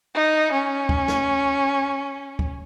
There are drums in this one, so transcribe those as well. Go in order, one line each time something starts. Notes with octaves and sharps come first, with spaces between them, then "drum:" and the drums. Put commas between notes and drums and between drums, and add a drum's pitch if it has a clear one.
D#4
C#4
drum: kick
drum: snare
drum: kick